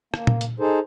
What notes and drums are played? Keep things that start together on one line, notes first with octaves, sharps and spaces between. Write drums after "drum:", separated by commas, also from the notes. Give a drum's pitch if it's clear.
A#3, drum: rim click
drum: tom A#2
drum: hi-hat
D#4 G#4 A4 C5